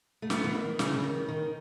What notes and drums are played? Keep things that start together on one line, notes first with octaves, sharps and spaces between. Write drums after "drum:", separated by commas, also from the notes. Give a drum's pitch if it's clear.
A3
B3, drum: snare
E3
D#3
C#3, drum: snare
C#3
D#3
D#3